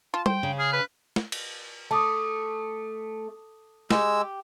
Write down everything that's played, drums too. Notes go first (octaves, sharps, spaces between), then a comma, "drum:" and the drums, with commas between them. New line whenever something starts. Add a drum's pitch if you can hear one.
F4 A5
C5 G5, drum: tom G3
C#3
G#4 F6
B4
drum: snare
drum: cymbal
A3 A5 D6 D#6
G#3 G4 E6, drum: snare